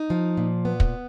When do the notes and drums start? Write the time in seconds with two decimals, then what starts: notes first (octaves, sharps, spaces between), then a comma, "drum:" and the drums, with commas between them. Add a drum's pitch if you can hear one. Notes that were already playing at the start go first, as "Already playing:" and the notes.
Already playing: D#4
0.10 F3
0.37 A#2
0.65 B3
0.80 drum: kick